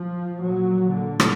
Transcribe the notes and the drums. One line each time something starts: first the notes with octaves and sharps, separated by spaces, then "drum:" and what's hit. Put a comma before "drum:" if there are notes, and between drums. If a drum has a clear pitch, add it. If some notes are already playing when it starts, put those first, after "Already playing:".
Already playing: F3
A#2 F#3
D3
drum: rim click